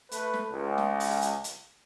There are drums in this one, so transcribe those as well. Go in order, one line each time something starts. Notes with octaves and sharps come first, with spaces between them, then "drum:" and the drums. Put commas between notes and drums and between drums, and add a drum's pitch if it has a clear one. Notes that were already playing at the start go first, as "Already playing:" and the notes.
A3 B4, drum: hi-hat
drum: snare
C#2
drum: snare
drum: open hi-hat
drum: hi-hat
drum: hi-hat